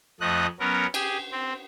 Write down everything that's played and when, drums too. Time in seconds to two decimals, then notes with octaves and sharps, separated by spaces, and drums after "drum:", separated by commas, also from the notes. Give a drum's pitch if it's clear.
0.21 F2 F3 A3 D#5 F#6
0.60 F#3 B3 C#4 A#4
0.94 G4 G#4, drum: cymbal
1.32 C4